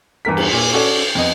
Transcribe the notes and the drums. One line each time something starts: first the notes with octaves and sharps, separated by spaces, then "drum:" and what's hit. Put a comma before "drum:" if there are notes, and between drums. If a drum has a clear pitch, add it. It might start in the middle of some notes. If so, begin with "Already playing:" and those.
E2 G2 A#4 B6
drum: cymbal
A#2
C#4 F#4 A4 D5
F2 B3 D#5